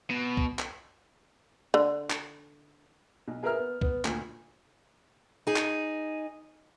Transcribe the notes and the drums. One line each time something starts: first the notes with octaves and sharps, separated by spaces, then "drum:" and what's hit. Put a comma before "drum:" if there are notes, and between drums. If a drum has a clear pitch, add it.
B2
drum: kick C2
drum: clap
D3
drum: clap
B1
G#4 A#4 B4 E5 A#5 F6
B3
B3, drum: kick C2
D2 A#2, drum: clap
D#4 G#4
drum: clap